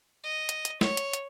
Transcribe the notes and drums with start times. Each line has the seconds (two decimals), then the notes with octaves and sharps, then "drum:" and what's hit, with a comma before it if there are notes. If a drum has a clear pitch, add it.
0.24 D#5
0.49 drum: hi-hat
0.65 drum: hi-hat
0.81 C#5, drum: snare
0.97 drum: hi-hat
1.13 drum: hi-hat